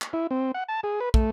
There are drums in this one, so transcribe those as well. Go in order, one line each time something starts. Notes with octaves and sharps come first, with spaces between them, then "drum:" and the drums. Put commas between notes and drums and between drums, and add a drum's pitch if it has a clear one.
drum: clap
E4
C4
F#5
A5
G#4
B4
A3, drum: kick